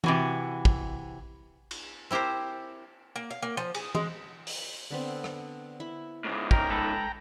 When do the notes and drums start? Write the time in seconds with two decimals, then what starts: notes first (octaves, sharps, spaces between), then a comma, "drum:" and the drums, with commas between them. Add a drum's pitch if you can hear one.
0.04 C3 E3 F#4, drum: tom
0.65 drum: kick
1.71 drum: cymbal
2.11 C4 E4 G4 A#4 C5
3.16 A#3
3.31 F5
3.43 A#3
3.57 F3
3.75 G#4, drum: cymbal
3.95 G#3, drum: tom
4.47 drum: open hi-hat
4.91 D3 B3 C4
5.24 drum: rim click
5.80 E4
6.25 G#2 C#3
6.51 A#4 G5 A#5, drum: kick
6.70 G#3 A4 B4